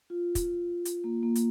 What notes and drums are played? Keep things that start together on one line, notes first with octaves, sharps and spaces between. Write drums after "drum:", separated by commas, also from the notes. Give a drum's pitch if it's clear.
F4
drum: kick, hi-hat
drum: hi-hat
A#3
A#3
drum: hi-hat